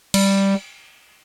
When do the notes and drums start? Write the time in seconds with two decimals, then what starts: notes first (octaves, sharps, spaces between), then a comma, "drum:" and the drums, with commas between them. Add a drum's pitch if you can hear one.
0.14 G3, drum: cymbal